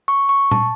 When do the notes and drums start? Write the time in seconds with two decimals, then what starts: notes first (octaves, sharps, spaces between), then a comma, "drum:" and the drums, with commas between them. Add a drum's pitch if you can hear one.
0.08 C#6
0.29 C#6
0.51 A5, drum: tom A#2